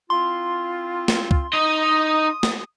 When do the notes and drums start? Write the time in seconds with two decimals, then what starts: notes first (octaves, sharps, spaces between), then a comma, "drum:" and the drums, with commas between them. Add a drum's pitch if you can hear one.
0.10 C4 E4 F4 C6
1.08 drum: snare
1.31 drum: kick
1.53 D#4 D#5 D#6
2.43 drum: snare